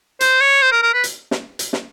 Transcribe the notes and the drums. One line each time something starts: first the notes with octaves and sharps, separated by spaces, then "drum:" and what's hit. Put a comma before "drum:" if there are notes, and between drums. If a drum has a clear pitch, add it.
C5, drum: hi-hat
C#5
C5
A#4
A#4
B4
drum: hi-hat
drum: snare
drum: hi-hat
drum: snare